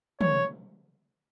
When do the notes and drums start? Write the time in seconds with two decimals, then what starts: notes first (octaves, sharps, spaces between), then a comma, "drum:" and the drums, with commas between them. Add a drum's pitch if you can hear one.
0.21 C#5, drum: tom